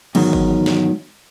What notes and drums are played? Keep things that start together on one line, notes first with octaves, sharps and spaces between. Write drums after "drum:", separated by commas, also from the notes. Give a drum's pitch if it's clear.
E2 G#2 D#3 F#3, drum: cymbal
drum: kick G#1
drum: snare